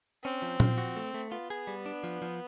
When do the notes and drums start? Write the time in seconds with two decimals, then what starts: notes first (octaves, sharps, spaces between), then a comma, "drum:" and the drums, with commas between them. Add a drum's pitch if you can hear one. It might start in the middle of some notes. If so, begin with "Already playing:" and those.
0.24 C4 C#4
0.42 F3
0.60 F3, drum: tom A#2
0.78 F#4
0.96 A3
1.14 A3
1.32 B3 F4
1.50 G#4
1.67 G3
1.86 D4
2.04 F3
2.22 F3